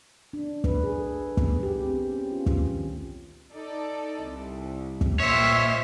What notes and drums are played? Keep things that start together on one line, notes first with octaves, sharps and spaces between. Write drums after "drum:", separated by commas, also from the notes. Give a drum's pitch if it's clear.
D4
B4, drum: kick
G#4
A4
B4
B3, drum: kick
E3
G4
C4
C#4
F4
drum: kick
D#3
D#4 A4 D5
C2
drum: kick
A#2 C5 C#5 D#5 E5 G5 F6